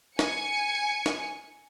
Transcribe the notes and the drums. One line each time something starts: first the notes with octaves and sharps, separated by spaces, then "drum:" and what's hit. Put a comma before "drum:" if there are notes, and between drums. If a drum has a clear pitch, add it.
G#5 C#7, drum: snare
drum: snare